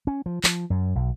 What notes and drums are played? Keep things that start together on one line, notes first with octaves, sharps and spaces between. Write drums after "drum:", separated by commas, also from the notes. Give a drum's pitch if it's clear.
C#4
F3
F3, drum: clap
F#2
B1